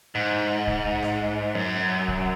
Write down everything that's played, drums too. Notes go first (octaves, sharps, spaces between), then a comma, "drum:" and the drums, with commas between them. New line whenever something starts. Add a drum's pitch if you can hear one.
G#2
drum: kick
drum: rim click
F#2
drum: kick